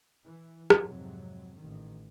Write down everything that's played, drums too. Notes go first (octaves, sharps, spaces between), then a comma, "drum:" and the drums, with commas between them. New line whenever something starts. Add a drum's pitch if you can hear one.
E3
drum: rim click
F2 G#2 C3 F#3
A1 D#3